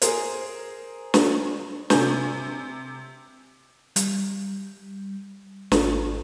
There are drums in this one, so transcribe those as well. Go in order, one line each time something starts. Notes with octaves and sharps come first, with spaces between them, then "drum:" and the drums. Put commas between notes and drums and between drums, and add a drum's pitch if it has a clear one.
G#4 A#4 C5, drum: hi-hat
drum: snare
C3 G#5 G6, drum: snare
G3, drum: hi-hat
G#1 F4 A4, drum: snare